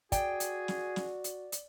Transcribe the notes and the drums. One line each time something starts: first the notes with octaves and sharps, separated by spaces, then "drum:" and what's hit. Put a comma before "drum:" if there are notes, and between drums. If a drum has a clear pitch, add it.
F#4 G#4 D5 G5, drum: kick, hi-hat
drum: hi-hat
drum: snare
drum: snare
drum: hi-hat
drum: hi-hat